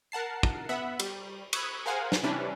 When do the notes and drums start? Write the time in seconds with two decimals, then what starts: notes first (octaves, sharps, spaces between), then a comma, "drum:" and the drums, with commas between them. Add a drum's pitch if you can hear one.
0.12 A#4 F#5 A5 C7
0.43 drum: kick
0.69 B3 E5 F#5 B5
1.00 G3, drum: cymbal
1.53 B5 C#6 D#6 E6 F#6 G#6, drum: cymbal
1.86 G#4 A#4 C5 F5 F#5 G#5
2.12 drum: snare
2.23 C3 E3 G3 C#4 D4 B4